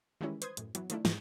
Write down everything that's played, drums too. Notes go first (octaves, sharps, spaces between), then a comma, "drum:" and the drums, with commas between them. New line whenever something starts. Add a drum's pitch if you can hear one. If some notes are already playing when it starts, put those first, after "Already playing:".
D#3 E3 G3 G#3 C#4 E4
B4 C5 C6 D#6 G#6, drum: hi-hat
F#2 A2, drum: hi-hat
E3 F#3 B3, drum: hi-hat
D#3 F3 A3 D4 E4, drum: hi-hat
G#2 A#6, drum: snare